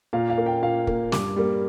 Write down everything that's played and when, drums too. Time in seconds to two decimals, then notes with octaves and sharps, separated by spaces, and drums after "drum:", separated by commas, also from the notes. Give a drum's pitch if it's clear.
0.13 A#2 F5
0.30 F5
0.38 A#3
0.46 G5
0.63 A#2 F5
0.87 A#3, drum: kick
1.12 G2 D6, drum: snare
1.36 G3 A#3